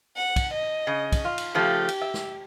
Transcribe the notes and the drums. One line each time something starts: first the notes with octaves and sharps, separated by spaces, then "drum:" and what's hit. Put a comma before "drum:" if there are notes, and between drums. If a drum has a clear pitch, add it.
F#5
drum: kick, cymbal
D#5
C#3
drum: kick, cymbal
F4
drum: cymbal
C#3 F3 A3 G4
drum: cymbal
E5
drum: snare